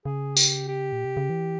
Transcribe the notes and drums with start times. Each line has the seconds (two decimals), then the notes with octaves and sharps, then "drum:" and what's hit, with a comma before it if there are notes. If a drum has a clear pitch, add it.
0.05 C#3 G#4
0.37 G4, drum: tambourine
0.68 G4
0.92 A#2
1.05 C3
1.17 C#3
1.30 E3